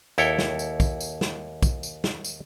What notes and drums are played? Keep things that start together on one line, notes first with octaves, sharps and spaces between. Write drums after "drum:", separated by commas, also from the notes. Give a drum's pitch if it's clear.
D#2 E4 A4 C#5 G5, drum: tambourine
drum: snare
drum: tambourine
drum: kick, tambourine
drum: tambourine
drum: snare
drum: kick, tambourine
drum: tambourine
drum: snare
drum: tambourine